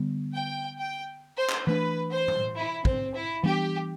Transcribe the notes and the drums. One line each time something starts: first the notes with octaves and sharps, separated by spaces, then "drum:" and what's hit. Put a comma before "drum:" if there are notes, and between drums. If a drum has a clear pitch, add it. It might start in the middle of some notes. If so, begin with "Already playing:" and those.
Already playing: D3 G3 B3
G5
G5
C5
drum: clap
E3 A3 D4 B4
C5
drum: tom A2
E4
C4, drum: kick
E4
E3 G3 B3 D4 G4